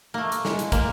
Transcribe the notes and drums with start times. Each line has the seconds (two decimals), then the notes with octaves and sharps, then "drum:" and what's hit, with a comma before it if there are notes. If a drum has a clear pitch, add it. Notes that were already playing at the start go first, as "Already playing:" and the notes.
0.14 A3 A#3
0.32 drum: hi-hat
0.45 G#3, drum: snare
0.59 drum: hi-hat
0.72 A#3, drum: kick, hi-hat